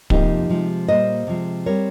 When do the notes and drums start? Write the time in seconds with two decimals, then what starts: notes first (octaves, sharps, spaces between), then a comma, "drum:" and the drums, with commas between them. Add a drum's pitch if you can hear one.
0.10 F2 C3 F3 A#3 D#4 G4, drum: kick
0.49 C3 F3 G#3
0.88 A#2 G3 A#3 C5 D#5
1.27 C3 F3 G#3
1.66 G3 C4 A#4 C#5